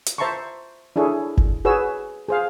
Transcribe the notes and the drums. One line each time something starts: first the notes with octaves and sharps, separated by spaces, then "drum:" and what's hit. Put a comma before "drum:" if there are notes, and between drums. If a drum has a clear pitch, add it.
drum: hi-hat
C5 E5 A5 A#5 C6 C#6
D4 E4 G#4 A4 C#5
drum: kick G1
F#4 G#4 B4 C#5 E6
G#4 C5 F5